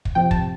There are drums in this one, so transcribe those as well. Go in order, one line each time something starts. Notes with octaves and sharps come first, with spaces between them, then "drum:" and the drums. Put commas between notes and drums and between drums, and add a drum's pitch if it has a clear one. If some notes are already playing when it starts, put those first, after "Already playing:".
drum: kick
C3 F3 G5
A5, drum: kick